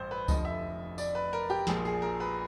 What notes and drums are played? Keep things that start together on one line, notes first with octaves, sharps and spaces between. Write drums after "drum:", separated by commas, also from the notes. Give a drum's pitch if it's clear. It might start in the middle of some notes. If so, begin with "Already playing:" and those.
Already playing: A1 G2 C5
B4
F1 F2 D3 F3 D#5, drum: kick C#2, tambourine
E5
D5, drum: tambourine
B4
A#4
G4
A#1 A#2 F3 G#4, drum: snare
G#4
A#4
B4